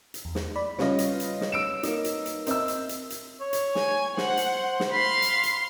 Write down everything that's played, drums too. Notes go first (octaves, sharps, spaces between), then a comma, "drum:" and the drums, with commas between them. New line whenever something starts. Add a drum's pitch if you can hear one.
drum: hi-hat
E2
drum: snare
D5 B5
C#3 G3 F4 B4 C#5 D#5, drum: snare
drum: hi-hat
drum: hi-hat
drum: snare
E6 D7 E7
A#3 D#4, drum: hi-hat
drum: hi-hat
drum: hi-hat
C4 A#4 D#5 E5 E6, drum: hi-hat
drum: hi-hat
drum: hi-hat
drum: hi-hat
C#5
drum: hi-hat
G#5, drum: snare
C5 F#5, drum: snare
drum: hi-hat
drum: snare
F5 B5 C6
drum: hi-hat
drum: hi-hat